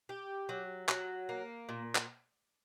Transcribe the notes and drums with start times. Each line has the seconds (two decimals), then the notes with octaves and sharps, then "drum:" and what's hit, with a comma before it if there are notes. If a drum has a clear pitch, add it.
0.09 G4
0.49 F#3
0.89 F#3, drum: clap
1.29 A#3
1.69 A#2
1.95 drum: clap